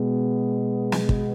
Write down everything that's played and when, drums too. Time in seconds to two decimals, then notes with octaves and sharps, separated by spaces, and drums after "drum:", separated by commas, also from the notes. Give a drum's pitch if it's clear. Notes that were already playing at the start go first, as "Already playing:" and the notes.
Already playing: B2 G#3 B3
0.92 drum: snare
1.09 drum: kick